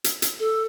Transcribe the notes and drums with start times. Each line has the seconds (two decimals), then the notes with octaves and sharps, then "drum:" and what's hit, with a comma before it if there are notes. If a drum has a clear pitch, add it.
0.04 drum: hi-hat
0.22 drum: hi-hat
0.39 A4